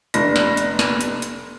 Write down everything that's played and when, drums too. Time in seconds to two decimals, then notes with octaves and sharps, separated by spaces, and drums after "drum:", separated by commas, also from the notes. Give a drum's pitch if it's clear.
0.14 F1 D4 A#6, drum: hi-hat
0.36 drum: snare
0.57 drum: hi-hat
0.79 drum: snare
1.01 drum: hi-hat
1.22 drum: hi-hat